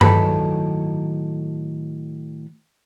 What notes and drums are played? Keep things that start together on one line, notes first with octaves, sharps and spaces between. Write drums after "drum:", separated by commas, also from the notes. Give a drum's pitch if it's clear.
A2 D#3 F#3 A4 B4 B5, drum: tom G2